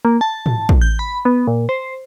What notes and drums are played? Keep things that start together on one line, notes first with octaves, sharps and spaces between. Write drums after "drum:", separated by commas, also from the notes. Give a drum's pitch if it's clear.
A#3
A5
drum: tom
drum: kick
G6
B5
B3
A#2
C5